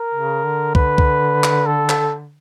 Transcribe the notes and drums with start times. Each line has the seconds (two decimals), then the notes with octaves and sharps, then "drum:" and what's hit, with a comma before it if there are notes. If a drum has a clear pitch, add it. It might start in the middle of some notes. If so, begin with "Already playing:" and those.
Already playing: A#4
0.14 C#3
0.45 D3
0.75 D3 B4, drum: kick C#2
0.98 drum: kick C#2
1.44 drum: clap
1.66 A4
1.89 drum: clap